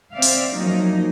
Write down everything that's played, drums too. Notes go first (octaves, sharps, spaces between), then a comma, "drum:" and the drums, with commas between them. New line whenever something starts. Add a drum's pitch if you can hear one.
C4 D5 E5 F5
drum: open hi-hat
F3 F#3 A#3 C#4 D#4